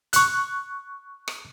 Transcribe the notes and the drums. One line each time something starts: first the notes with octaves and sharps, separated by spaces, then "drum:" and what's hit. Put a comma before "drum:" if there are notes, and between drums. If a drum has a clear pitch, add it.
C#6 F#6, drum: hi-hat
drum: rim click